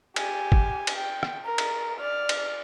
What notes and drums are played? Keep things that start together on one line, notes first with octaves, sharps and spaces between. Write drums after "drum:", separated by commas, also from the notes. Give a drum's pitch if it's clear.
G4 G#5, drum: cymbal
drum: kick
drum: cymbal
G5
drum: rim click
A#4
drum: cymbal
D5 F6
drum: cymbal